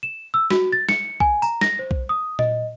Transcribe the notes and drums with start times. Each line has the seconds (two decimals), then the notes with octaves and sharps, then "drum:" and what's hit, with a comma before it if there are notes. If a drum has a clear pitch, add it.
0.03 E7
0.34 E6
0.51 F#4, drum: snare
0.73 A6
0.89 C#7, drum: snare
1.20 G#5, drum: kick B1
1.42 A#5, drum: tambourine
1.61 A#6, drum: snare
1.79 C5
1.91 drum: kick B1
2.09 D#6
2.39 D#5, drum: tom A#2